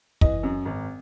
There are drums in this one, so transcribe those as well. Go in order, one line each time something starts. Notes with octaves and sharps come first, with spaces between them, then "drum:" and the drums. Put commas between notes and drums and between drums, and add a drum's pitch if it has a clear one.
E3 D#5, drum: kick
F#2
G#1